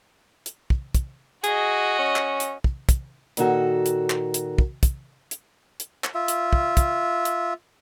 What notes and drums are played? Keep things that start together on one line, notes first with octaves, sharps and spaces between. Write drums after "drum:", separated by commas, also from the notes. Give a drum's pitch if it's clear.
drum: hi-hat
drum: kick
drum: kick, hi-hat
F#4 G#4 D#5, drum: hi-hat
C#4
drum: clap
drum: hi-hat
drum: kick
drum: kick, hi-hat
A#2 D#3 F#4 A4, drum: hi-hat
drum: hi-hat
drum: clap
drum: hi-hat
drum: kick
drum: kick, hi-hat
drum: hi-hat
drum: hi-hat
drum: clap
F4 E5
drum: hi-hat
drum: kick
drum: kick, hi-hat
drum: hi-hat